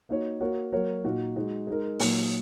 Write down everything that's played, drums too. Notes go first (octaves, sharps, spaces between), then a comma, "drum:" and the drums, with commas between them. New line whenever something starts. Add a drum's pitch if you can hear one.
A#3 D#4 F#4 C#5
A#3 F#4 A#4 C#5
F#3 A#3 F#4 A#4 C#5
A#2 A#3 D#4 F#4
G#3 D#4 F#4
G#3 D#4 A#4
A#2 F#3 A#3 D#4, drum: open hi-hat